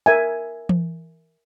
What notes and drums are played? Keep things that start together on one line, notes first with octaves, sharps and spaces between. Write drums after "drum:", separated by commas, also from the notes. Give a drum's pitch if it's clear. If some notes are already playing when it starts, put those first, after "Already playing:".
A#4 E5 G#5
drum: tom E3